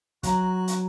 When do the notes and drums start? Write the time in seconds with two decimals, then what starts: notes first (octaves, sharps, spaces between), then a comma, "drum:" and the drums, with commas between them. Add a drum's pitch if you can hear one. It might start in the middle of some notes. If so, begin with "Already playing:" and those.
0.23 F#3 F#4 A#5 F#6, drum: kick, hi-hat
0.68 drum: hi-hat